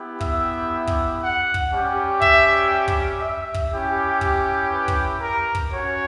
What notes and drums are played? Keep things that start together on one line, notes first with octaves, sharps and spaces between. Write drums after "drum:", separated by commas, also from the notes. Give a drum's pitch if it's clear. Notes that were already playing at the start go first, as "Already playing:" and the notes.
Already playing: B3 E4 G4
E5, drum: kick
drum: kick
F#5
drum: kick
G3 C#4 G4
E5, drum: kick
drum: kick
E5
drum: kick
C#4 E4 G4
drum: kick
B4
drum: kick
A#4
drum: kick
C#4 F#4 C#5